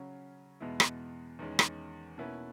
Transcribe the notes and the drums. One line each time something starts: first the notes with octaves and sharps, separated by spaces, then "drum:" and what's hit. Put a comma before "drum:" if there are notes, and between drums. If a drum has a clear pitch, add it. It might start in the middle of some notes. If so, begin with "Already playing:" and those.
Already playing: C#3 F#3 C#4
E2 B2 G#3 B3 E4
drum: rim click
E2 D#3 G#3 C#4
drum: rim click
B2 A#3 C#4 E4 B4